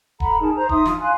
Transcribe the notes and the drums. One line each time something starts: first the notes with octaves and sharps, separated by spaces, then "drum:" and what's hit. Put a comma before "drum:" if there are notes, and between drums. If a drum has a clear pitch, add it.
A4 F#5 A#5 B5, drum: kick D#1
D#4 G#4 A#4 A5
C5 A#5
D#4 E5 C6 D#6, drum: kick D#1
D4 F4, drum: snare
F5 G#5 C6 F#6